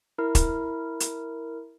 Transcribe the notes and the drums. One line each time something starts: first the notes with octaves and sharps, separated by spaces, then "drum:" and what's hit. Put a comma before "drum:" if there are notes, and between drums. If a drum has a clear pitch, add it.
E4 A#4
drum: kick, hi-hat
drum: hi-hat